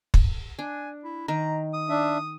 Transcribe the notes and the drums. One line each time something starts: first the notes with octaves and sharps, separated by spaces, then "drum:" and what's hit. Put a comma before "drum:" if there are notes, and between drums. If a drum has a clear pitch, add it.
drum: kick
D4 G#5
E4
D#3 A#5
D#6
D4 E5